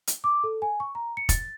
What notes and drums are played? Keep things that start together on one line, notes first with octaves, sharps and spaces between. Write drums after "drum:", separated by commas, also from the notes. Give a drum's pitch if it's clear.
drum: hi-hat
D6
A4
G#5
C#6
A#5
C#7
A6, drum: kick F1, hi-hat